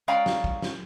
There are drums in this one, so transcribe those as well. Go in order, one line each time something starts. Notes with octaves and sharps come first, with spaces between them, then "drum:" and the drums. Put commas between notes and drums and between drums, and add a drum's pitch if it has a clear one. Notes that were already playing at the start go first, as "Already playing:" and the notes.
G#3 C#4 D5 F5 G5 A#5
drum: snare
drum: kick
drum: snare